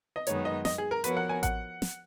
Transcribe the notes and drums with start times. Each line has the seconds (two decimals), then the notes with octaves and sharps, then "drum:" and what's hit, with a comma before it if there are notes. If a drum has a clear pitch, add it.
0.16 D#5
0.27 F#2 D#3 G#3 B3 D#4 C#5, drum: hi-hat
0.45 D#5
0.65 D#5, drum: snare
0.78 G#4
0.91 A#4
1.04 F3 B3 F#4 A#4 B4 C#5, drum: hi-hat
1.17 F#5
1.29 G#5
1.43 F#5, drum: kick A1, hi-hat
1.82 drum: snare